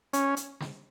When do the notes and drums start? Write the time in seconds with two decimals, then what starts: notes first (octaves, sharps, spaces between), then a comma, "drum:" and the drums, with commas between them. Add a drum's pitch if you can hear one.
0.13 C#4, drum: hi-hat
0.37 drum: hi-hat
0.60 drum: snare